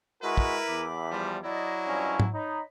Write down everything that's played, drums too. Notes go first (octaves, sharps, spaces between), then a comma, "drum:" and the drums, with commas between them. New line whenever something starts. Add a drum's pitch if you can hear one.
G#3 E4 F#4 A#4 B4
drum: kick
E2 E5 B5 D6
F3 G3
F#3 E4 D5 D#5
G2 F3 C#4
drum: tom
D#4 C#5 D#5 B5